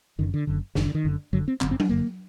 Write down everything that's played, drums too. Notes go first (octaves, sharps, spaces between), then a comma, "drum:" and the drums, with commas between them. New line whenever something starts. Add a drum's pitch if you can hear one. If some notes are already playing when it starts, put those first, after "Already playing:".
F#1 F#2 D3 D#3
D3
F#1 F#2 D3
F#1 F#2 D3 D#3, drum: snare
D3
D#3
F#1 F#2 D3
G1 F#2 D3 F#3
C4
G1 F#2 D3 C4, drum: clap
C4
D4, drum: tom F#3
G1 F#2 D3 A#3